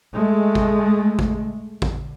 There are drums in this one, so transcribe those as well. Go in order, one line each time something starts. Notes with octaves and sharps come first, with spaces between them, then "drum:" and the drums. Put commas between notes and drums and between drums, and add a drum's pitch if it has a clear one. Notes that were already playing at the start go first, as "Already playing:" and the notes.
G#3 A3
drum: kick A1
drum: kick A1
drum: kick A1